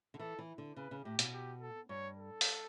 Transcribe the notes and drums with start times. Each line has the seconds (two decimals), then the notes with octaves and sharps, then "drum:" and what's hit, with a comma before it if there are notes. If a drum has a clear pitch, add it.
0.14 D3
0.20 E3 A4
0.39 E3
0.58 D3
0.76 C#3 B4
0.91 C#3
1.04 A2 G4
1.19 B2, drum: hi-hat
1.33 G4
1.61 A4
1.89 G2 C#5
2.19 A4
2.41 drum: open hi-hat